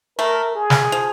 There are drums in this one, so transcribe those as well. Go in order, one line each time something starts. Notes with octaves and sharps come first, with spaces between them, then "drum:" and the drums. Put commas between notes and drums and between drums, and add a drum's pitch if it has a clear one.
A3 A#4
G#4
drum: snare
F3